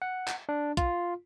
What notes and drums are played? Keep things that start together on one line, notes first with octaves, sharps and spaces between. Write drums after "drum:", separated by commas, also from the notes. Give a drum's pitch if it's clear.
F#5
drum: clap
D4
F4, drum: kick, hi-hat